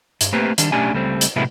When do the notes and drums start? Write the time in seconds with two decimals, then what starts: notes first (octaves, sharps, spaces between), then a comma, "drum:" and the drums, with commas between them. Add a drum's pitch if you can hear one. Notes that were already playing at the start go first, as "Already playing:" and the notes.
0.21 G2, drum: hi-hat
0.33 A3 A#3 C4 G4 B4
0.58 D#3 G3 D4, drum: hi-hat
0.72 B1 A3 C#4 D4 G4 G#5
0.93 C#2 G3 A3 C4
1.21 drum: hi-hat
1.36 A2 C3 F#3 G#3 B3 E4